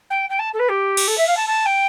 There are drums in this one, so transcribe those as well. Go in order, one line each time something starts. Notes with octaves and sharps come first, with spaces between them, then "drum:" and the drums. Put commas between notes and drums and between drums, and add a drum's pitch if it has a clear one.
G5
G5
A5
A4
B4
G4
drum: cymbal
A4
E5
F5
A5
A5
G5